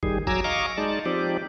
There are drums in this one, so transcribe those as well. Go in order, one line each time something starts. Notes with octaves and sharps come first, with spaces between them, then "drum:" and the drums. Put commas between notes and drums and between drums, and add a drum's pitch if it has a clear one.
D#3 G3 G#4, drum: kick
F#3 G#5 A#5 D6 E6, drum: kick
D#5 F5 A#5 C#6 D6
G#3 D#4 D5 A5
F3 C4 D#4 G4 D5